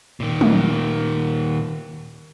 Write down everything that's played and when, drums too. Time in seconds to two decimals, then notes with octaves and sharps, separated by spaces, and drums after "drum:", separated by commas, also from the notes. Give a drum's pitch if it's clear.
0.20 A#2 D#3
0.41 drum: tom